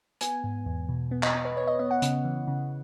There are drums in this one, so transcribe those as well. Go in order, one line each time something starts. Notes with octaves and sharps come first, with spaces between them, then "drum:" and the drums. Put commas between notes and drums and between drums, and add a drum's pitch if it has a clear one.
B3 G#5, drum: hi-hat
G#2
E2
B2
B3
D#5, drum: clap
B3
B4
B3 C#5
D#5
B3 D#5
F#5
C#3, drum: hi-hat
E3
C#3